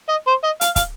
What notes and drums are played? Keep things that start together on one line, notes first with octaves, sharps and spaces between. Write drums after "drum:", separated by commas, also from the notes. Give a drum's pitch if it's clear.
D#5
C5
D#5
F5, drum: hi-hat
F5, drum: kick, hi-hat